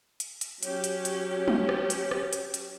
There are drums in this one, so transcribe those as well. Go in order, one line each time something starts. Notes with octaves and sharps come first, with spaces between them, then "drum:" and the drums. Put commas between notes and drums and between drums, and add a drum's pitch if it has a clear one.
drum: hi-hat
drum: hi-hat
F#3 C#4 G4 C#5, drum: hi-hat
drum: hi-hat
drum: hi-hat
drum: tom
drum: rim click
drum: hi-hat
drum: rim click
drum: hi-hat
drum: hi-hat